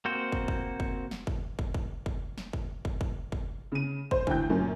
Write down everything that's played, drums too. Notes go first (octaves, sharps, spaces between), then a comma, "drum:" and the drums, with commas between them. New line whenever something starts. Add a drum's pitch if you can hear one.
A#3 C4 F#4 C5
drum: kick
drum: kick
drum: kick
drum: snare
drum: kick
drum: kick
drum: kick
drum: kick
drum: snare
drum: kick
drum: kick
drum: kick
drum: kick
C#3 D#7
C5, drum: kick
D2 E3 G5 G6, drum: kick
F#2 A#2 C#4